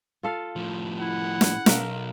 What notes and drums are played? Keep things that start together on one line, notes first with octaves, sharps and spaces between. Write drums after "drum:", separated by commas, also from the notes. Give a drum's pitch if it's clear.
F4 A4 F5
A2 F3
E4 F#5
drum: snare
B1 A#4 E5 F5, drum: snare